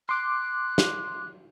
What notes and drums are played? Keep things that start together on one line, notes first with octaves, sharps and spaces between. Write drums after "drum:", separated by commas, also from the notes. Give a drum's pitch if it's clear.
C6 D6 F#6
drum: snare